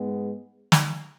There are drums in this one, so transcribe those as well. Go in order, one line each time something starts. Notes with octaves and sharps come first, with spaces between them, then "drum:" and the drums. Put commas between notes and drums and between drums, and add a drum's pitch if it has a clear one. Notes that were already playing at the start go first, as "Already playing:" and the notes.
Already playing: G#2 G#3 B3
drum: snare